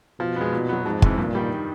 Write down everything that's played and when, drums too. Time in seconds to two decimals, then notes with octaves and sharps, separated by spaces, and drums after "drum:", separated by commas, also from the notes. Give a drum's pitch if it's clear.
0.19 B2 F3
0.36 G#3 B3
0.53 A#2
0.69 F#3 B3
0.86 F2 G#2
1.02 C3 E3, drum: kick
1.17 G2 A#2
1.35 D#3 G3